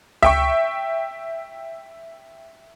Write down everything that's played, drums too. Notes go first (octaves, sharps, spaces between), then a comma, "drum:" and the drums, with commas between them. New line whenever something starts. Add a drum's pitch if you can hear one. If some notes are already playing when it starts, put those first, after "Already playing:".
E5 G5 C#6, drum: tom C#2